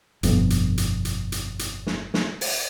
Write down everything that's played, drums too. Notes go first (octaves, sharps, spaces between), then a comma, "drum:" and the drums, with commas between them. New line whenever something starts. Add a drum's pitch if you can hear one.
G1 F2 B2, drum: hi-hat
drum: hi-hat
drum: hi-hat
drum: hi-hat
drum: hi-hat
drum: hi-hat
drum: snare
drum: snare
drum: open hi-hat